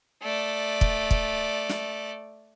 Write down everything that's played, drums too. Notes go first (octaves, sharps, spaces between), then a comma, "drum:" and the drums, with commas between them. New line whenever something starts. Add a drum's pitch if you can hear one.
A3 D5
drum: kick
drum: kick
drum: snare